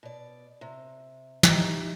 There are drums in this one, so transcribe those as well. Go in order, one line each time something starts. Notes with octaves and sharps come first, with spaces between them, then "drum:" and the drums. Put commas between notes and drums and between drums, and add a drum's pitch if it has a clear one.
B2 D5
C3
D#4 G4 D#5 E5, drum: snare